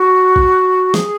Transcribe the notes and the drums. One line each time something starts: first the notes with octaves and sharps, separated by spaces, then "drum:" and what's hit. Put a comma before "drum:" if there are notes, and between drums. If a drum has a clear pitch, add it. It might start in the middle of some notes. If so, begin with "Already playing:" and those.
Already playing: F#4
drum: kick
G#4, drum: snare